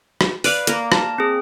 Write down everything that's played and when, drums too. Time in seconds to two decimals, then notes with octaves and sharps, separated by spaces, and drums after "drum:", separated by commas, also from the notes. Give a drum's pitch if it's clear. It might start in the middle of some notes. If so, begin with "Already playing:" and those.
0.21 drum: rim click
0.44 B4 D5 F5, drum: open hi-hat
0.67 A#3 A#4, drum: hi-hat
0.92 A5, drum: rim click
1.18 C4 G#4